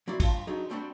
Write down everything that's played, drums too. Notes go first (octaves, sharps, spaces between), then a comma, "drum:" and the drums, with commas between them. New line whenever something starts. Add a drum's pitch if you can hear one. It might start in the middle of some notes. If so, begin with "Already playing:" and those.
F#3 C4 E4 D5
G2 F4 A5, drum: kick, cymbal
F#3 D4 D#4 G#4
G3 A3 C4 D4 F#4 B5